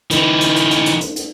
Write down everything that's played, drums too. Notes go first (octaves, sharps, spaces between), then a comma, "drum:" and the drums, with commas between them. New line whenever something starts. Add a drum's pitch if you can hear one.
E3 D#4, drum: hi-hat
drum: hi-hat
drum: hi-hat
drum: hi-hat
drum: hi-hat
drum: hi-hat
drum: hi-hat